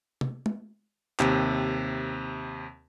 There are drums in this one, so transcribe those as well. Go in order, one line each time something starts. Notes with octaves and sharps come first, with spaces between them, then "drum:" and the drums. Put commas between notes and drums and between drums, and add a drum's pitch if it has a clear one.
drum: tom C3
drum: tom G#3
D#2 C3, drum: clap